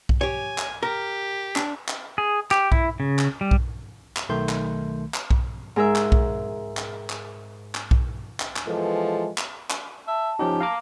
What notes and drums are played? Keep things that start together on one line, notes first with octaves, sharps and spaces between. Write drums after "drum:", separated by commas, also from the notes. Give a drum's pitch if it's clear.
drum: kick B1
G4 C#5 G#5
drum: clap
G4 A#4
D4, drum: clap
drum: clap
G#4
G4, drum: clap
E4, drum: kick B1
C#3
drum: clap
G3
drum: kick B1
drum: clap
B1 D#3 A3 C6 G6
drum: clap
drum: clap
drum: kick B1
G#2 G#4 A#4 E5
drum: clap
drum: kick B1
drum: clap
drum: clap
drum: clap
drum: kick B1
drum: clap
drum: clap
E3 F3 G#3 B3 A4
drum: clap
drum: clap
E5 A5
F3 C#4 D#4 G4
F5 A#5 D6